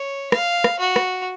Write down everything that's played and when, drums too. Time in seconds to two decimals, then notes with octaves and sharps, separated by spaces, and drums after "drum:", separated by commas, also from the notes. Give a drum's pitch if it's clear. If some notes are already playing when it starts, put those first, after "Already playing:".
Already playing: C#5
0.32 F5, drum: rim click
0.64 drum: rim click
0.80 F#4
0.96 drum: rim click